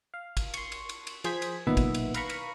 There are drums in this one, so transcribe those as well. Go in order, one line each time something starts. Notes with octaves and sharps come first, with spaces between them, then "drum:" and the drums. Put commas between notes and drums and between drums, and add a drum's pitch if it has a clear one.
F5
drum: kick, cymbal
C6 C#6, drum: cymbal
drum: cymbal
drum: cymbal
drum: cymbal
F3 G#4 C5 G#6 B6, drum: cymbal
drum: cymbal
B1 A#2 D#3 B3 E5
drum: kick, cymbal
drum: cymbal
B4 F5 A#5 B5 C#6, drum: cymbal
drum: cymbal